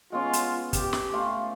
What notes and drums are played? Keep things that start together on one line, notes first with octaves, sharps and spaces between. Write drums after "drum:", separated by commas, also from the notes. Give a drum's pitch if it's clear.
G#3 B3 C#4 F4
drum: hi-hat
G4, drum: kick, hi-hat
drum: snare
A3 F4 F5